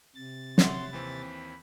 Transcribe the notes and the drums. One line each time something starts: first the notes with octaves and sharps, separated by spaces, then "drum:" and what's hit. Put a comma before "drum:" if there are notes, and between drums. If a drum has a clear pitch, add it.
C3 A6
C#5 E5 F#5 C6, drum: snare
D#2 E3 C4 B5